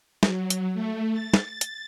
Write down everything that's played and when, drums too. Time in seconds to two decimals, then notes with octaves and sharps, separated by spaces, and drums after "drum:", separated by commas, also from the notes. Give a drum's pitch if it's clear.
0.23 F#3, drum: snare
0.50 drum: hi-hat
0.74 A3
1.13 A6
1.34 drum: snare
1.61 drum: hi-hat